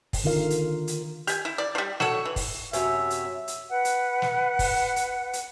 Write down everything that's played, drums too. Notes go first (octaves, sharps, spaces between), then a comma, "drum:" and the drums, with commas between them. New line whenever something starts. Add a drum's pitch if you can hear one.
drum: kick, open hi-hat
D3 D#3 F4 A#4 F5
drum: hi-hat
drum: hi-hat
G4 G#5, drum: hi-hat
E4
D5
F3 G3
F#4 A4 C#5, drum: snare
E3
drum: kick, open hi-hat
F#2 C3 C#5 E5, drum: hi-hat
drum: hi-hat
drum: hi-hat
B4 F#5
drum: hi-hat
drum: snare
drum: kick, open hi-hat
drum: hi-hat
drum: hi-hat